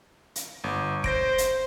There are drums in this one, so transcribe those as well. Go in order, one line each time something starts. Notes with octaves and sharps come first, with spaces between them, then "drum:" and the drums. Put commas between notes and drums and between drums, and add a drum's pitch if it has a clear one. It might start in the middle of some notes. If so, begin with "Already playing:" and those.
drum: hi-hat
G1
C5 G6 A#6 D7, drum: kick F1
drum: hi-hat